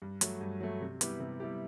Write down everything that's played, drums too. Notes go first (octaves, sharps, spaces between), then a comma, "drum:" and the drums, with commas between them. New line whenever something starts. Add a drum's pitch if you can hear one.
G2
F#3 A3, drum: hi-hat
G2
F#3 A3
C3
G3 B3 E4 G4, drum: hi-hat
C3
G3 B3 E4 G4